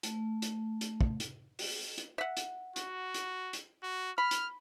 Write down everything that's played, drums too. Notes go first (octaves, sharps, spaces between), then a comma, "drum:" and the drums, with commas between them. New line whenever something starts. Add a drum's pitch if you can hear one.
A3, drum: hi-hat
drum: hi-hat
drum: hi-hat
drum: kick
drum: hi-hat
drum: open hi-hat
drum: hi-hat
E5 F#5
drum: hi-hat
F#4, drum: hi-hat
drum: hi-hat
drum: hi-hat
F#4
B5 F6
drum: hi-hat